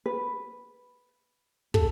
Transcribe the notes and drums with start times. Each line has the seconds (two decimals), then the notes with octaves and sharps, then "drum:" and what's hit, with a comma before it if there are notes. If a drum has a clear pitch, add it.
0.06 B4
1.74 A4, drum: kick